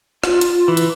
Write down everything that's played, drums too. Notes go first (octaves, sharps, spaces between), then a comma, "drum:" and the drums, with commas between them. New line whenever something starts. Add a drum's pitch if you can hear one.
F4, drum: rim click
drum: hi-hat
E3
drum: hi-hat